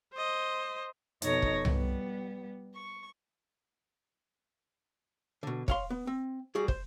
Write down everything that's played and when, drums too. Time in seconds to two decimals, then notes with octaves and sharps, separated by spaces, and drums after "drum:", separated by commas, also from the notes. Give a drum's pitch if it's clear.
0.14 C5 D#5
1.22 F2 B2 D#4 A4 C#5 A#6, drum: hi-hat
1.42 drum: kick
1.65 G3 B3, drum: tom C2
2.75 C#6
5.43 B2 D3
5.68 C#5 F5 C6, drum: kick
5.90 B3
6.07 C4
6.55 G3 F#4 G#4
6.68 C5, drum: kick